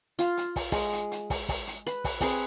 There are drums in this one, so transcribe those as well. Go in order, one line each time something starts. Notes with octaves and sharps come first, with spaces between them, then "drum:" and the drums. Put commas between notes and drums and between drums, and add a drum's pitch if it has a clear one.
F4, drum: hi-hat
drum: hi-hat
drum: kick, open hi-hat
G#3, drum: kick, open hi-hat
drum: hi-hat
drum: hi-hat
drum: kick, open hi-hat
drum: kick, open hi-hat
drum: hi-hat
B4, drum: hi-hat
drum: kick, open hi-hat
C4 G#4 B4, drum: kick, open hi-hat